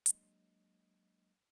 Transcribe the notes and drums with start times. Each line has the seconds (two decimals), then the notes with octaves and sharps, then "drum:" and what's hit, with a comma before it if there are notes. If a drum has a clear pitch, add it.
0.06 F#3 G#3 A#3 D4 D#5, drum: hi-hat